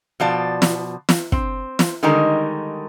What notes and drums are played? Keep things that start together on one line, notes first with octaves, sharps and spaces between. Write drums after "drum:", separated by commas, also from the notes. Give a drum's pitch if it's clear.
B2 F3 D5 A5
drum: snare
drum: snare
C4, drum: kick
drum: snare
D3 D#3 G3 G#3 D#4 A#4